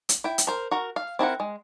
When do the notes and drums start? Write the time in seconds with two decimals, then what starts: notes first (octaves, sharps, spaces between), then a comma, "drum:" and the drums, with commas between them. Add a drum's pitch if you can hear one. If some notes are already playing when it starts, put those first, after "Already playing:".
0.09 drum: hi-hat
0.24 E4 G5
0.38 drum: hi-hat
0.47 A#4 C5
0.71 F#4 A#4
0.96 F5
1.19 C4 E4 A#4 F#5
1.40 G#3